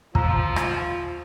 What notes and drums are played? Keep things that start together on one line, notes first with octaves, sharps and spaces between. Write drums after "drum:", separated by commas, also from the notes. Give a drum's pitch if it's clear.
D#2 F3 F4 A#5 E6, drum: kick
drum: rim click